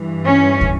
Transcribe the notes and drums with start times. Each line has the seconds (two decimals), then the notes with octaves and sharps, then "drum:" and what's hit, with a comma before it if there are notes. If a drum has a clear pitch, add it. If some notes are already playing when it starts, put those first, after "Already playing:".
Already playing: G2 E3
0.24 C#4
0.61 drum: kick